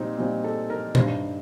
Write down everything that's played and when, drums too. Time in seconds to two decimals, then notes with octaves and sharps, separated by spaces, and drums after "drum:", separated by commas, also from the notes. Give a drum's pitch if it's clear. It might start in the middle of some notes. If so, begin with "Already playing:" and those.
Already playing: A#2 G3 C4 D#4
0.18 A#2 G3 C4
0.44 A4
0.70 A#4
0.95 G2 D#3 G3 C5, drum: tom A#2